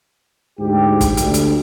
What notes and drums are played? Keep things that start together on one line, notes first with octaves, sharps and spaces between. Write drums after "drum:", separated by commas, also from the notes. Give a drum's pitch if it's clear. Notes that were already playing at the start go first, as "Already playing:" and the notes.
D2 G#2 G4
drum: kick, hi-hat
D2, drum: hi-hat
drum: hi-hat